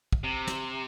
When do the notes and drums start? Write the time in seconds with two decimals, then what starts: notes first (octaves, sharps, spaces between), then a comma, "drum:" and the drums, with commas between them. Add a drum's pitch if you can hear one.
0.13 drum: kick
0.24 C3
0.47 drum: snare